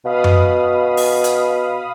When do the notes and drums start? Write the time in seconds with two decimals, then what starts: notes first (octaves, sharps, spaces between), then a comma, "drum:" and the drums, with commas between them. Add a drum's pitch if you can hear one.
0.05 B2 F5 B5 D#6
0.24 drum: tom F#2
0.97 drum: open hi-hat
1.24 drum: hi-hat